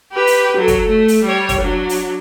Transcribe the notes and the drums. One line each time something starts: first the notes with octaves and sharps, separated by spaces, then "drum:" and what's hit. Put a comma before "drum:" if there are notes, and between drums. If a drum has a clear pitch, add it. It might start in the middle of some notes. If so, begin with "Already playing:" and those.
G4 B4
drum: open hi-hat
F#3 A4
drum: kick, hi-hat
A3
drum: open hi-hat
G3 C#5
drum: kick, hi-hat
F#3 D4
drum: open hi-hat